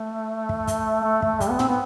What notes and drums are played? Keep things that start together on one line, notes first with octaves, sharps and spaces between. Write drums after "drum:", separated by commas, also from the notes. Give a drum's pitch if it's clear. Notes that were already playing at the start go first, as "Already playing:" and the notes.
Already playing: A3
drum: kick
drum: kick, hi-hat
A3
A3, drum: kick
G3, drum: kick, hi-hat
B3
C4, drum: tom
B3